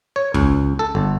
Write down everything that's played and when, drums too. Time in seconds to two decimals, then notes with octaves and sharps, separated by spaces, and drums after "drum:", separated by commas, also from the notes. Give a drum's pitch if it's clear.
0.16 C#5
0.34 C#2, drum: kick
0.79 A4
0.95 G1